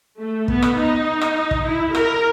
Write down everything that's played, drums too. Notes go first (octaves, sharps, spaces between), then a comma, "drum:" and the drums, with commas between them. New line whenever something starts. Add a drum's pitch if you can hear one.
A3
B3, drum: kick
drum: rim click
D#4
drum: rim click
drum: kick
E4
A#4, drum: rim click